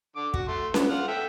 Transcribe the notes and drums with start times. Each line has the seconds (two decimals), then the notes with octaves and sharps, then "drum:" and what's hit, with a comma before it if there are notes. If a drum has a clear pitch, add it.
0.16 D3 D6
0.34 F#4, drum: kick
0.48 A3 C6
0.74 E3 B3, drum: snare C#4
0.90 F4 F#5 F6
1.08 A4 E5 G5